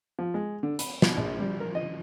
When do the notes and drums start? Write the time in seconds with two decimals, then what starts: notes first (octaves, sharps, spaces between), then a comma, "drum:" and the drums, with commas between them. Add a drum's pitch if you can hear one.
0.19 F3
0.34 G#3
0.63 D3
0.79 B5, drum: hi-hat
1.02 B2, drum: snare
1.17 A#1
1.40 G3
1.60 A#4
1.75 D#5